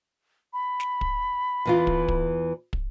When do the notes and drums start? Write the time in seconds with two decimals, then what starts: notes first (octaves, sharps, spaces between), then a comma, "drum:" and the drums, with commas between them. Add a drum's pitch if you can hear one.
0.53 B5
0.80 drum: snare
1.01 drum: kick
1.65 E2 E3 F4
1.87 drum: kick
2.08 drum: kick
2.73 drum: kick